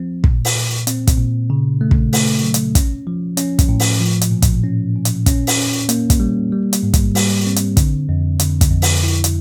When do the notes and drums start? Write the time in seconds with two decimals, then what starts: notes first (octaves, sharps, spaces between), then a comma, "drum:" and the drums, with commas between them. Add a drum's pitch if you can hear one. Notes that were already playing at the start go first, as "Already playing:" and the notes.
Already playing: F3 C4
0.24 A#2, drum: kick
0.45 drum: open hi-hat
0.56 A#2
0.87 C4, drum: hi-hat
1.07 drum: kick, hi-hat
1.18 A#2
1.50 C#3
1.81 A3
1.91 drum: kick
2.13 A3, drum: open hi-hat
2.43 F#3
2.54 drum: hi-hat
2.75 C#4, drum: kick, hi-hat
3.07 F3
3.37 C#4, drum: hi-hat
3.59 drum: kick, hi-hat
3.69 A2
3.80 drum: open hi-hat
4.00 F3
4.21 drum: hi-hat
4.31 A#2
4.42 drum: kick, hi-hat
4.64 C#4
4.95 A#2
5.05 drum: hi-hat
5.26 C#4, drum: kick, hi-hat
5.47 drum: open hi-hat
5.57 C#4
5.89 A#3, drum: hi-hat
6.10 drum: kick, hi-hat
6.20 G3
6.52 G3
6.73 drum: hi-hat
6.83 G#2
6.94 drum: kick, hi-hat
7.15 G3, drum: open hi-hat
7.46 C4
7.56 drum: hi-hat
7.77 D3, drum: kick, hi-hat
8.09 F2
8.39 D3, drum: hi-hat
8.61 drum: kick, hi-hat
8.71 F2
8.82 drum: open hi-hat
9.03 E4
9.24 drum: hi-hat